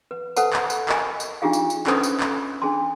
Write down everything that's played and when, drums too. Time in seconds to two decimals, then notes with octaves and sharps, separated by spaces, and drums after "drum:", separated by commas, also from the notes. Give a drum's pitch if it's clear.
0.11 B4
0.36 A4 B4 C5 F#5 A5, drum: tambourine
0.53 drum: clap
0.70 drum: tambourine
0.89 A#4 D#5 G#5, drum: clap
1.20 drum: tambourine
1.42 D4 D#4 F4 G4 G#4 F5
1.53 drum: tambourine
1.70 drum: tambourine
1.87 C#4 A4 B4 C5 C#6 D#6, drum: clap
2.04 drum: tambourine
2.20 drum: clap
2.62 D4 G#4 A5 C6